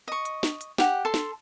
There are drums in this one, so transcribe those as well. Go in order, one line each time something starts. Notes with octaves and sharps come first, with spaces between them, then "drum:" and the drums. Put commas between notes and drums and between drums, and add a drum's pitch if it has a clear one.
D#5 C#6
drum: hi-hat
drum: snare
drum: hi-hat
G4 F#5, drum: snare
A4 A5 C6
drum: snare